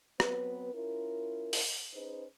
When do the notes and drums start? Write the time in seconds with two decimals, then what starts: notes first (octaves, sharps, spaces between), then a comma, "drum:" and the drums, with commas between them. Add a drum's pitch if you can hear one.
0.20 F#3 B3 C4 B4, drum: rim click
0.74 C#4 E4 F4 A#4
1.53 drum: open hi-hat
1.94 C#4 D#4 G#4 B4 C5